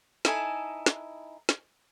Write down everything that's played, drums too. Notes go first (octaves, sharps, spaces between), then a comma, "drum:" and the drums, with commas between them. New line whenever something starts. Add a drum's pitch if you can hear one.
D#4 E4 A4 G#5, drum: snare
drum: snare
drum: snare